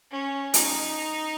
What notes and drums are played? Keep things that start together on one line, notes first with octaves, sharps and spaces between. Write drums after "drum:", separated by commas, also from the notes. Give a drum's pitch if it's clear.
C#4
D#4, drum: hi-hat